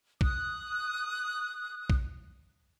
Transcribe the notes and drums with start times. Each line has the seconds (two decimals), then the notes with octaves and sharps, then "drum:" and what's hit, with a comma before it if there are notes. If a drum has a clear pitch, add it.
0.21 D#6 F#6, drum: kick A#1
1.90 drum: kick A#1